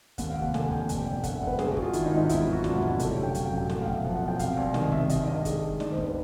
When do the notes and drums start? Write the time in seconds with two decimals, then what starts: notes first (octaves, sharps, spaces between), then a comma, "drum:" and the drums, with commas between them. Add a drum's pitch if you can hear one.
0.18 D#2 F#5, drum: kick, hi-hat
0.30 F5
0.36 F1
0.42 F#5
0.54 D3 G#5, drum: snare
0.71 F1 G5, drum: kick
0.89 G2 G#5, drum: hi-hat
1.06 G1 G5
1.24 D3 F#5, drum: kick, hi-hat
1.36 G1 E5
1.47 B4
1.59 G2 G#4, drum: snare
1.71 F#4
1.77 G#3, drum: kick
1.82 F4
1.93 D#3 E4, drum: hi-hat
2.06 D#4
2.11 G#1
2.17 D#4
2.29 E2 E4, drum: kick, hi-hat
2.41 F4
2.47 F#3
2.53 F#4
2.64 B2 D4, drum: snare
2.75 E4
2.82 F1, drum: kick
2.87 F#4
2.99 D3 G4, drum: hi-hat
3.11 C#5
3.17 F#2
3.23 G5
3.35 F#3 F5, drum: kick, hi-hat
3.45 G5
3.52 F#2
3.57 G5
3.69 A2 F#5, drum: snare
3.82 F5
3.88 B1, drum: kick
3.93 E5
4.04 F3 F#5
4.16 F#5
4.23 B1
4.28 G5
4.39 C3 F5, drum: kick, hi-hat
4.57 C2
4.74 D#3 D#5, drum: snare
4.92 C2 E5, drum: kick
5.09 D#3 D#5, drum: hi-hat
5.28 G2 D#5
5.45 G#3, drum: kick, hi-hat
5.62 G2
5.80 D#3 D5, drum: snare
5.92 C5
5.98 D#2, drum: kick
6.04 B4